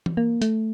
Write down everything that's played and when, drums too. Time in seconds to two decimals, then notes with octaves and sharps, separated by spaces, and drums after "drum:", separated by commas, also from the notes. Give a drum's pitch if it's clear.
0.06 drum: tom E3
0.17 A#3
0.42 A3, drum: hi-hat